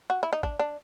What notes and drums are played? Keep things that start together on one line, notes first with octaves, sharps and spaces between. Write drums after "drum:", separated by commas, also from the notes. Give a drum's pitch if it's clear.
F#4
E4
D#4
D4, drum: kick G#1
D4